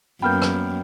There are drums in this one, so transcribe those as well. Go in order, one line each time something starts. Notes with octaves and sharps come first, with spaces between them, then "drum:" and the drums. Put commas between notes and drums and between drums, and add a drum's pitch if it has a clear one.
F#2 A#3 B3 G5 B5 F6 G6
drum: rim click